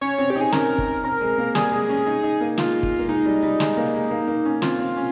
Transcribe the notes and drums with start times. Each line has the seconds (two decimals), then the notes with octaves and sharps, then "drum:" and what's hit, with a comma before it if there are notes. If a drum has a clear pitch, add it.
0.01 C#4 C#5
0.18 C4
0.30 G4
0.36 D#4
0.41 G#4
0.52 C#4 A#4, drum: snare
0.78 drum: kick
1.04 C4 A#4
1.21 G#3
1.38 A#3
1.55 G3 G#4, drum: snare
1.72 G#3
1.89 C#4
2.06 D#4
2.23 D#4
2.41 A#3
2.58 G#3 F4, drum: snare
2.83 drum: kick
2.99 A#3
3.08 G#3 D#4
3.25 G3
3.43 G3
3.60 G#3, drum: snare
3.77 A#3
3.94 G#3
4.11 A#3
4.28 A#3
4.45 C#4
4.62 C4 F4, drum: snare
4.79 C4
4.96 C#4